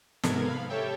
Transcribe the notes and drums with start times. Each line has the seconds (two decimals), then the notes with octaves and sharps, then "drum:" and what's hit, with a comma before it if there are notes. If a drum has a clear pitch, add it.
0.23 G#2 C3 B3 A4 A#4 G#6, drum: snare
0.46 F5 B5
0.70 G4 A4 C#5 E5 G5